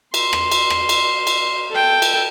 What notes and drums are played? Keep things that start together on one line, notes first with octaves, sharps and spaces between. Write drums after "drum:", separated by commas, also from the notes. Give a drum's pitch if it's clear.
C6, drum: cymbal
drum: rim click
drum: cymbal
drum: rim click
drum: cymbal
drum: cymbal
A4 G5
drum: cymbal